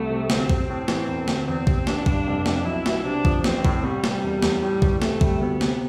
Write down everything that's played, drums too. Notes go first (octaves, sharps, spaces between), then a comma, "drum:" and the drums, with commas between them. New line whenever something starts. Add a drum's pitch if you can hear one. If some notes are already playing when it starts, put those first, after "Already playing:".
Already playing: C2 A3
C3
D2 C4, drum: snare
C3, drum: kick A#1
A2
E3, drum: snare
E1
D2, drum: snare
E2 C4
C3, drum: kick A#1
A1 D4, drum: snare
G2, drum: kick A#1
F1
F2, drum: snare
B1 E4
B2, drum: snare
C3 D4
F3, drum: kick A#1
A1 C4, drum: snare
A2, drum: kick A#1
C2 G3
C3, drum: snare
E1
E2, drum: snare
A2 G3
E3, drum: kick A#1
C3 A3, drum: snare
G3, drum: kick A#1
D2 B3
C3, drum: snare